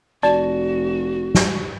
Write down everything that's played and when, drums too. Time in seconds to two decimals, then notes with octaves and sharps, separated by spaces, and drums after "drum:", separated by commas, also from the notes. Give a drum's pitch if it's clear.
0.23 F1 F#4 D5 A5
1.35 drum: snare